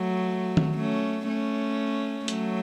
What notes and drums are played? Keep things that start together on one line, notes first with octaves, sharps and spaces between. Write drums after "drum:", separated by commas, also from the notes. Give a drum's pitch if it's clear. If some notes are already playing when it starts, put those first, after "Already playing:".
Already playing: F#3 A3
drum: tom D#3
A3 C#4
A3 C#4
F#3 A3, drum: hi-hat